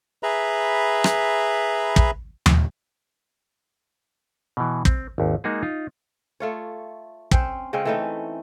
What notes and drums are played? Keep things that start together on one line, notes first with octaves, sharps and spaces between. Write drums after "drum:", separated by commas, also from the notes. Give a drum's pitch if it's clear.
G#4 B4 E5 A#5 B5
drum: rim click
drum: kick
drum: tom D#2
B2 E3
C4, drum: kick
G#1 D#2
G#3 A#3 D#4 F#4 G#4
D#4 F4
A3 F4 C#5
C4 C#4 C5, drum: kick
C#3 G#3 C4 C#4
E3 A3 D#4